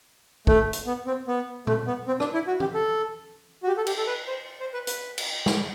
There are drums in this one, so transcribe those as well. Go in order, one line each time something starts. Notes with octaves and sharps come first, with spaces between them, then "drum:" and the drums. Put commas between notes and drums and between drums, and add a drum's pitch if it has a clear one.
A3, drum: kick
drum: hi-hat
B3
C4
B3
A3, drum: tom A#2
B3
C4
D4, drum: rim click
E4
F#4
G4, drum: tom E3
A4
F#4
G4
A4
G4, drum: cymbal
A4
B4
C5
C5
B4
B4, drum: hi-hat
drum: cymbal
drum: snare